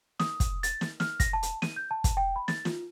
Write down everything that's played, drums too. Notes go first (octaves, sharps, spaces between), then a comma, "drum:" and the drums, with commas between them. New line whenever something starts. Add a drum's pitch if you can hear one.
D#6, drum: snare
drum: kick, hi-hat
A6, drum: hi-hat
drum: snare
F6, drum: snare
A#6, drum: kick, hi-hat
A5
drum: hi-hat
D#7, drum: snare
G6
A5
drum: kick, hi-hat
G5
B5
A6, drum: snare
F4, drum: snare